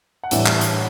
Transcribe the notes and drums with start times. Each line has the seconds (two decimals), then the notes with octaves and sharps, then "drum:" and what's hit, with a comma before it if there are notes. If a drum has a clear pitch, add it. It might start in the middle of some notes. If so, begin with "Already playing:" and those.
0.23 F#5
0.31 A2 E3 G3 D4 E5, drum: hi-hat
0.46 drum: clap
0.61 drum: hi-hat